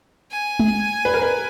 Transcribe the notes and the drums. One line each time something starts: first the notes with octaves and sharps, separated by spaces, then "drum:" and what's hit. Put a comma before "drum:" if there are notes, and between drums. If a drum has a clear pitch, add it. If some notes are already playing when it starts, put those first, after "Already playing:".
G#5
drum: tom G#3
B4
A#4
B4